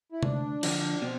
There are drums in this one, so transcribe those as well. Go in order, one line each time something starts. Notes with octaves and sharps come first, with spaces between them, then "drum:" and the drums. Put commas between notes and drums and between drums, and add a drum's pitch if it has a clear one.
E4
D2 D4, drum: tom C3
D3 F3, drum: cymbal
B2 C4